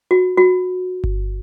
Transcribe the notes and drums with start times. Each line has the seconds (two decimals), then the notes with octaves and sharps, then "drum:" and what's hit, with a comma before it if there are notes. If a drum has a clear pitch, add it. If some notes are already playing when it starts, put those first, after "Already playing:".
0.11 F#4
0.38 F#4
1.04 drum: kick G1